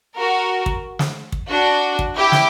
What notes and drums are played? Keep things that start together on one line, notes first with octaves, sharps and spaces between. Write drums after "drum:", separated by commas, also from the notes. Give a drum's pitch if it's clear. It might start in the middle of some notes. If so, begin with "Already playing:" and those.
F#4 A#4
drum: kick
drum: snare
drum: kick
D4 F#4
drum: kick
E4 G4
drum: snare